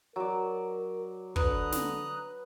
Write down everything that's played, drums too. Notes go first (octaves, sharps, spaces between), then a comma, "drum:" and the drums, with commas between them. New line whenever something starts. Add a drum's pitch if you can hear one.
F#3 A#4 D5
D3 B4 A#5 D#6 F#6, drum: kick
drum: snare